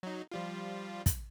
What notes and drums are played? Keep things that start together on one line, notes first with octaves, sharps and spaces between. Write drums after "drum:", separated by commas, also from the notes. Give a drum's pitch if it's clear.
F#3 D#4
F3 G3 F4
drum: kick, hi-hat